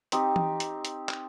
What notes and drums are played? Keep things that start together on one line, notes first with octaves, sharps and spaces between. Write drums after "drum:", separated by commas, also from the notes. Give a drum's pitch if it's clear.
C4 D#4 G4, drum: hi-hat
drum: tom E3
drum: hi-hat
drum: hi-hat
drum: clap